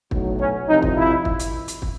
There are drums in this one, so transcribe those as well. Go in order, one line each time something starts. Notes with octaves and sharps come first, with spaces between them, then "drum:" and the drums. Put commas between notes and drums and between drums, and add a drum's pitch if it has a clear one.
B1 A2 F#3, drum: kick
C#4
C2 C3 F3 D#4
drum: kick
E4
drum: kick
drum: hi-hat
drum: hi-hat
drum: kick